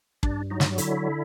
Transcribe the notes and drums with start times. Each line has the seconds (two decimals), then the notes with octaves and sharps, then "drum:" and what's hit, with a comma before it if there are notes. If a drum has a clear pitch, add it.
0.23 G2 D4, drum: kick
0.50 F#3 D#4
0.60 drum: snare
0.78 D3 E4, drum: hi-hat